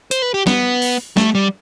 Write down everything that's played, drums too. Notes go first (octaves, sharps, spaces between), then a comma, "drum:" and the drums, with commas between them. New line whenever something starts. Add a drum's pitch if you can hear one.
C5, drum: hi-hat
B4
G4
B3, drum: snare
drum: open hi-hat
A3, drum: snare
G3